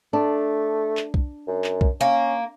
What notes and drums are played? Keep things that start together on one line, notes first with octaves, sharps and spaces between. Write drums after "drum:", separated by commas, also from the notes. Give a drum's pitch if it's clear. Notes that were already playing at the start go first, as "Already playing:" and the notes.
A3 D4
drum: clap
drum: kick B1
F#2
drum: clap
drum: kick B1
A#3 C#4